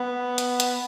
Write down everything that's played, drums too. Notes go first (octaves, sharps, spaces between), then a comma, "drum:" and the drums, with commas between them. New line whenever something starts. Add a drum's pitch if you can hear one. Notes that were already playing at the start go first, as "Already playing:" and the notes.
Already playing: B3
drum: hi-hat
drum: hi-hat